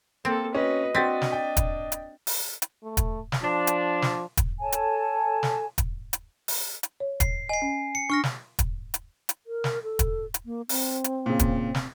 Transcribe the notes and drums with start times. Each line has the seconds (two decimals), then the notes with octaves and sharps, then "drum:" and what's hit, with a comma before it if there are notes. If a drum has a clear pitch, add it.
0.25 A#3 C4 A4
0.55 C#4 F#4 B4 D#5
0.95 C4 D4 F#4 A6 B6
1.21 drum: snare
1.32 G5
1.57 drum: kick, hi-hat
1.92 drum: hi-hat
2.27 drum: open hi-hat
2.62 drum: hi-hat
2.83 A3
2.97 drum: kick, hi-hat
3.32 drum: snare
3.43 F3 D4
3.67 drum: hi-hat
4.02 drum: snare
4.37 drum: kick, hi-hat
4.61 A4 C#5 G#5 A5
4.72 drum: hi-hat
5.43 drum: snare
5.78 drum: kick, hi-hat
6.13 drum: hi-hat
6.48 drum: open hi-hat
6.83 drum: hi-hat
7.00 C#5
7.20 C7, drum: kick, hi-hat
7.49 D#5 G#5 C7
7.62 C#4
7.95 C#7
8.10 D4 C#6 F6 A#6
8.24 drum: snare
8.59 drum: kick, hi-hat
8.94 drum: hi-hat
9.29 drum: hi-hat
9.46 A#4
9.64 drum: snare
9.83 A4
9.99 drum: kick, hi-hat
10.34 drum: hi-hat
10.45 A#3
10.69 C4, drum: open hi-hat
11.04 drum: hi-hat
11.26 A#2 C#3
11.39 drum: kick, hi-hat
11.75 drum: snare